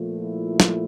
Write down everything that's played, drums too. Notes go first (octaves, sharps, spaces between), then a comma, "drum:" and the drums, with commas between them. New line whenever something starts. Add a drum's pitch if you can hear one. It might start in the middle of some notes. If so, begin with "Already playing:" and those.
Already playing: A#2 F3 A3
E4
drum: snare